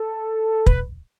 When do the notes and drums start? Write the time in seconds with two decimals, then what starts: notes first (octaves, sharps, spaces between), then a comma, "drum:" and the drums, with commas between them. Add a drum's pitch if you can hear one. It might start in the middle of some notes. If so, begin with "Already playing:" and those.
Already playing: A4
0.66 B4, drum: kick